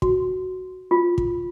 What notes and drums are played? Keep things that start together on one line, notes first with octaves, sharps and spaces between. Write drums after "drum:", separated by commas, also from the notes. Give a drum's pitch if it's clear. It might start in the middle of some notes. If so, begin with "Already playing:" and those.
F#4, drum: kick
F4
drum: kick